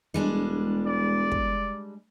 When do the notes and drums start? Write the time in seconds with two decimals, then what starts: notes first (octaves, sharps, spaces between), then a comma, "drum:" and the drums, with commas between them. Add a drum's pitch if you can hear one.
0.14 E1 G3 G#3 D4
0.86 D5
1.32 drum: kick